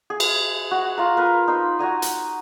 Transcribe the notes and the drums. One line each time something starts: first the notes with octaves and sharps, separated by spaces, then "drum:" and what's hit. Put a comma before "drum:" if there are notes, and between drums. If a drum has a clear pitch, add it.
G#4
drum: cymbal
F#4
F4 F5 A#5
A#4 B4
D#4 C5 B5
F#4 G#5 A#5 D#6
drum: hi-hat